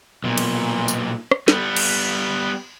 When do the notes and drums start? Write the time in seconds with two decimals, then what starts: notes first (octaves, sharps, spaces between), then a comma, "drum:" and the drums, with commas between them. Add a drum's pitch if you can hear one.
0.24 B1 A#2
0.38 drum: cymbal
0.88 drum: tambourine
1.31 drum: rim click
1.48 G3 B3, drum: snare
1.76 drum: cymbal